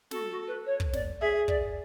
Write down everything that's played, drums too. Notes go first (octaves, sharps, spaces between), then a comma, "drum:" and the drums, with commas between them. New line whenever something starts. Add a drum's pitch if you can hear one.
F#4 A4, drum: snare
F#4
B4
C#5
drum: kick
D5, drum: snare
G#4 E5
D5, drum: kick